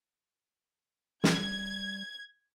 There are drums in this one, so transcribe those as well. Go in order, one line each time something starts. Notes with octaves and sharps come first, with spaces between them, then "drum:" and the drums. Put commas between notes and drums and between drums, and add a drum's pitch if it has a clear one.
G3 G#6, drum: snare